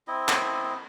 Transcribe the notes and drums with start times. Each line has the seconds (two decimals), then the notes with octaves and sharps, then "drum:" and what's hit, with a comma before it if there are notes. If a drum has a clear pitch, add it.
0.08 C4 E4 D#5
0.28 drum: clap